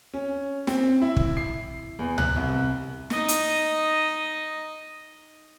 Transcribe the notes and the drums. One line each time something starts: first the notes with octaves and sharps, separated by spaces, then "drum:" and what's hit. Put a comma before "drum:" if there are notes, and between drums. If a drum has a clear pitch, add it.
C#4
C4, drum: snare
E4
drum: kick
C7
E2
F#6, drum: tom C#2
C2
D#4 D#5, drum: snare
drum: hi-hat